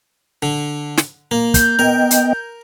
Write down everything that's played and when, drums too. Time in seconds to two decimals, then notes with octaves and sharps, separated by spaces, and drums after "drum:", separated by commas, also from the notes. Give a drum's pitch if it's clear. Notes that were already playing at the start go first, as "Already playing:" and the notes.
0.42 D3
0.97 drum: snare
1.31 A#3
1.54 G6, drum: kick, hi-hat
1.79 B3 A#4 D#5 G5
2.11 drum: hi-hat